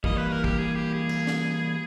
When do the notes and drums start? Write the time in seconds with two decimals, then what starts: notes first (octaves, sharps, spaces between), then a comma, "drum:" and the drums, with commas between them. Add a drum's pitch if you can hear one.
0.04 E3 G3 A#3 D#5, drum: kick
0.17 B4
0.32 A#4
0.44 G4, drum: kick
0.58 G#4
0.76 G4
0.93 G#4
1.09 drum: cymbal
1.27 drum: snare